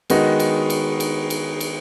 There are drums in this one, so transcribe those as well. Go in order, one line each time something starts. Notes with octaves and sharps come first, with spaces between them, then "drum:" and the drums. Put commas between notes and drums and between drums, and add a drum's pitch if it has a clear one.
D#3 G#3 B3 D#4 F#4, drum: cymbal
drum: cymbal
drum: cymbal
drum: cymbal
drum: cymbal
drum: cymbal